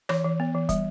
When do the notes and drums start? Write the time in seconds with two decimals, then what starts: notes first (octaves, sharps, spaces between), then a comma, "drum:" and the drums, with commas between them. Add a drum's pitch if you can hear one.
0.09 E3 C#5, drum: rim click
0.24 E3
0.40 B3
0.55 E3
0.69 G3, drum: kick, hi-hat